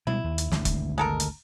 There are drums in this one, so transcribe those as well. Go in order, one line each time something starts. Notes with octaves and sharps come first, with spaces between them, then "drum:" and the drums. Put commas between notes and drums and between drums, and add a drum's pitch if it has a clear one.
B2 G3 G#3 E4
D#2
drum: hi-hat
G#1 D2 G2, drum: snare
drum: kick E1, hi-hat
G#3 A4 A#4
drum: hi-hat